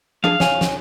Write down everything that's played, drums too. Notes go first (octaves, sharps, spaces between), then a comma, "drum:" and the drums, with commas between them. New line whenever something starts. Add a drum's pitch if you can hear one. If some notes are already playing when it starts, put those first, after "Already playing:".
F3 D4 G#4 F5
C#5 G#5, drum: snare
drum: snare